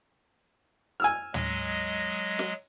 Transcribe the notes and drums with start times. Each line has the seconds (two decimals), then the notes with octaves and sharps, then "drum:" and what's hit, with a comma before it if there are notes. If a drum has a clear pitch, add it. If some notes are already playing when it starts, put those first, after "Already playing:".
1.00 G#5 E6 F6
1.34 F#3 G#3 D#5, drum: tom
2.39 drum: snare